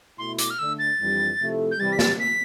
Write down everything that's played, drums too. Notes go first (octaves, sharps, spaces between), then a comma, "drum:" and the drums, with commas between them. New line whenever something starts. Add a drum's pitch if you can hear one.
B2 A3 E4 C6
D6, drum: hi-hat
F6
D3 A3 D4 E6
A6
F2 E3 G3 D4
C3 F3 A3 E4
G6
C3 E3 G3 A6
B6
A6, drum: snare
B6